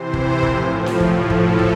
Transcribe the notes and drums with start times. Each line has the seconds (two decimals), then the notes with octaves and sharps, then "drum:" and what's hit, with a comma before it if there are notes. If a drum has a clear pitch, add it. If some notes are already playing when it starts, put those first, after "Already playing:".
Already playing: C3 E3 C5
0.14 drum: kick
0.43 A2 F3 A#4, drum: kick
0.86 drum: snare
1.00 A2 F3 G4, drum: kick
1.30 A4, drum: kick
1.59 drum: kick